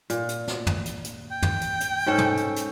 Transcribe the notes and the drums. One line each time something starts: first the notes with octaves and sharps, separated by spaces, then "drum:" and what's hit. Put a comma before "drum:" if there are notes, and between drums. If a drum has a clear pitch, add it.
A#2, drum: hi-hat
drum: hi-hat
drum: snare
drum: tom
drum: hi-hat
drum: hi-hat
G5
drum: tom
drum: hi-hat
drum: hi-hat
G#2 C#4 A4
drum: tom
drum: hi-hat
drum: hi-hat